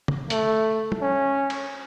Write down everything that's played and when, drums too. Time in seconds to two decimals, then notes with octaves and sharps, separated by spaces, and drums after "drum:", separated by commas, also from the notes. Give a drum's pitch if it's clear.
0.08 drum: tom
0.30 A3, drum: hi-hat
0.92 drum: tom
1.02 C#4
1.50 drum: cymbal